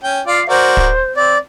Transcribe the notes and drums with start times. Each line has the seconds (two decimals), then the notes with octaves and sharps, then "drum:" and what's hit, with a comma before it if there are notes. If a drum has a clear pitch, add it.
0.03 C#4 G5
0.27 F4 D5 F5
0.49 F#4 A#4 C5 D5
0.77 drum: kick
1.16 C4 D5